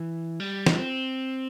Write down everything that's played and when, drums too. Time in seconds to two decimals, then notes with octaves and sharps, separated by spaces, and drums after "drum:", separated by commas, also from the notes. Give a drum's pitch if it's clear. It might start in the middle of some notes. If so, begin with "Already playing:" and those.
Already playing: E3
0.40 G3
0.66 D#4, drum: snare
0.78 C4